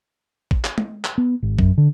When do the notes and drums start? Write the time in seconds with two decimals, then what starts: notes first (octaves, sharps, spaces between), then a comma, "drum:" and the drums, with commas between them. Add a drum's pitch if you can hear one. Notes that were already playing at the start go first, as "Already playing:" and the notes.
0.51 drum: kick
0.64 drum: clap
0.78 drum: tom
1.04 drum: clap
1.18 B3
1.43 G#1
1.59 F#2, drum: kick
1.78 D3